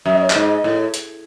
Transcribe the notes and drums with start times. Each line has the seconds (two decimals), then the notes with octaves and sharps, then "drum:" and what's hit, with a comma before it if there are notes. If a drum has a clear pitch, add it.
0.05 F#2 E5
0.15 D#5
0.23 C#5
0.30 G#2 D#5, drum: clap
0.64 A2
0.94 drum: hi-hat